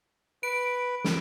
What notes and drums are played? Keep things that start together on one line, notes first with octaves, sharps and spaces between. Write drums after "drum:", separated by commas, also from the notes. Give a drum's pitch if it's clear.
B4 D7
drum: snare